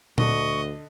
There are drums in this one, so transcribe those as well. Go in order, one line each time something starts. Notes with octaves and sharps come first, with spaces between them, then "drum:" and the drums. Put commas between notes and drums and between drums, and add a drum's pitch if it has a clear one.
D2 D3 D#5 C#6, drum: tom A#2